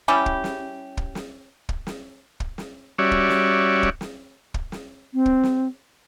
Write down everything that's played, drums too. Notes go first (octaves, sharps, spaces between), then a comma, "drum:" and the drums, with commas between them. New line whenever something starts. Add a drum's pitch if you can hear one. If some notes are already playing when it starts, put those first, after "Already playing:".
G3 C#4 E4 G4
drum: kick
drum: snare
drum: kick
drum: snare
drum: kick
drum: snare
drum: kick
drum: snare
G3 C#4 F#4 C#5 D5 E5
drum: kick
drum: snare
drum: kick
drum: snare
drum: kick
drum: snare
C4
drum: kick
drum: snare